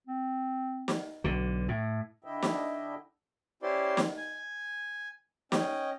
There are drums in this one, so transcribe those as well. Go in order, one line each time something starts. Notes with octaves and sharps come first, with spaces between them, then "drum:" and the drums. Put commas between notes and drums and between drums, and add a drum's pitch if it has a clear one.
C4
drum: snare
B1 D3
A2
D3 D4 E4 D#5 E5 G5
drum: snare
C#4 E4 G4 C5 D5 C6
drum: snare
G#5
C#4 D#5 G5, drum: snare